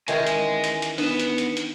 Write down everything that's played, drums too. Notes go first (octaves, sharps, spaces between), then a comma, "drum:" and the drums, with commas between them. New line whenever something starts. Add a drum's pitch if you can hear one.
D#3 E3 C#4 D#5 G#5, drum: hi-hat
drum: hi-hat
drum: hi-hat
drum: hi-hat
B3 D4 D#4 B4 E7, drum: open hi-hat
drum: hi-hat
drum: hi-hat
drum: hi-hat